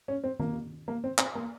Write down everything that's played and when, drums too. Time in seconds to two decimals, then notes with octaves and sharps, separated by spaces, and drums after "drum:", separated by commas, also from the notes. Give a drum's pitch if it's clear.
0.08 C#4
0.24 C4
0.40 A#3, drum: tom D#3
0.88 A#3
1.04 C4
1.18 C4, drum: clap
1.35 A#3